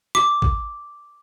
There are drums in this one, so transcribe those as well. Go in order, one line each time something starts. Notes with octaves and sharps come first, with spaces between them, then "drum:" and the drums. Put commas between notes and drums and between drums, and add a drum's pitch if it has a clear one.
D6, drum: rim click
drum: kick